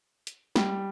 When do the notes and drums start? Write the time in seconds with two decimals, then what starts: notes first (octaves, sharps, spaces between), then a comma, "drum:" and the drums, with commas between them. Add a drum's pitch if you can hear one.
0.27 drum: hi-hat
0.56 G3, drum: snare